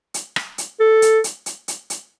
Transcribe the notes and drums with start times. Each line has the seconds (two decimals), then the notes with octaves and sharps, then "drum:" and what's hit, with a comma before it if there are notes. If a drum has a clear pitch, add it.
0.14 drum: hi-hat
0.36 drum: rim click
0.58 drum: hi-hat
0.80 A4
1.02 drum: hi-hat
1.24 drum: hi-hat
1.46 drum: hi-hat
1.68 drum: hi-hat
1.90 drum: hi-hat